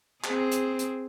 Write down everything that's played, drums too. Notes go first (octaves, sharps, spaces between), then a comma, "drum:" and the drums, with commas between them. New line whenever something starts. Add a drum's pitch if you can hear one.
C4 G#4, drum: clap
drum: hi-hat
drum: hi-hat